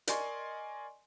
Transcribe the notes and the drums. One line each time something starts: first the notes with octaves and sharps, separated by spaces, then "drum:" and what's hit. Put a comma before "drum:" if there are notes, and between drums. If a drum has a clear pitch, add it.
A#4 D5 D#5 G#5 C6 C#6, drum: hi-hat